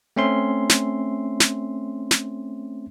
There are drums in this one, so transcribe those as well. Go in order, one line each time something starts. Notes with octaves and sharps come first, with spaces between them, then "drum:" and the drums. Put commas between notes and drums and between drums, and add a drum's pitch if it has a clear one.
A3 C4 C#4 E5 C6
drum: snare
drum: snare
drum: snare